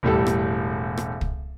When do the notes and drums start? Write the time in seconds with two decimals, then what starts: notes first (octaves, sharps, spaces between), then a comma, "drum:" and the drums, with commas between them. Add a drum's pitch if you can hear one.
0.03 E1 A2 G3 A4
0.27 drum: rim click
0.97 drum: rim click
1.21 drum: kick